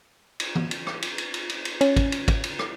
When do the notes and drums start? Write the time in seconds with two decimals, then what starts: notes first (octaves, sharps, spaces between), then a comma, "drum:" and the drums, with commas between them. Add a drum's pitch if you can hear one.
0.40 drum: cymbal
0.55 drum: tom E3
0.71 drum: cymbal
0.87 drum: rim click
1.02 drum: cymbal
1.18 drum: cymbal
1.34 drum: cymbal
1.49 drum: cymbal
1.65 drum: cymbal
1.81 C#4, drum: cymbal
1.96 drum: kick, cymbal
2.12 drum: cymbal
2.28 drum: kick, cymbal
2.44 drum: cymbal
2.59 drum: rim click